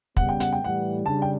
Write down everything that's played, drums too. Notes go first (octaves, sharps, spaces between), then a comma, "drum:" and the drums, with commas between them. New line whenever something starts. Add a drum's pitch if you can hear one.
C#3 G3 B3 F#5, drum: kick
G5
F#5, drum: hi-hat
G5
A2 E3 G3 F#5
C#3 G3 D4 A5
G5